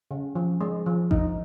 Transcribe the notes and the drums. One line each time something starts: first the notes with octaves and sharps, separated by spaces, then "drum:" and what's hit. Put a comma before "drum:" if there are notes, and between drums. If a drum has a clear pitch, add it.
C#3
F3
G#3
F3
D#4, drum: kick A1